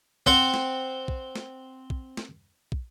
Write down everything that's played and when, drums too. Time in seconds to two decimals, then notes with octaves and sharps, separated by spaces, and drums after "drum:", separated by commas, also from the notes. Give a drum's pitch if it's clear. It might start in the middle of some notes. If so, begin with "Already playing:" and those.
0.26 C4 C5 F#5, drum: kick
0.54 drum: snare
1.08 drum: kick
1.36 drum: snare
1.90 drum: kick
2.17 drum: snare
2.72 drum: kick